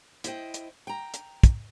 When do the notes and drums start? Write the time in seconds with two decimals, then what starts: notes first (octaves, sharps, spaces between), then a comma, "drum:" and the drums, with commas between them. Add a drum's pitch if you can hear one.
0.24 E4 C5 D#5 G5, drum: hi-hat
0.54 drum: hi-hat
0.87 G5 A#5
1.14 drum: hi-hat
1.43 drum: kick, hi-hat